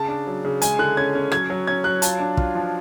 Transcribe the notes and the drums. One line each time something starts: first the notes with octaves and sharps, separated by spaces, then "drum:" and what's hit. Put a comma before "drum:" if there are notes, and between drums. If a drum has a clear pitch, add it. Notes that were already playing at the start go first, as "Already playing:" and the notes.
Already playing: C#3 A5
D4
F#3
C#3
G#3 G#5, drum: hi-hat
D3 F#6
C#4 G#6
C#4
F#3 G#6, drum: rim click
F#3
C#4 G#6
F#3 F#6
F4 A5, drum: hi-hat
D4
F4, drum: kick
F3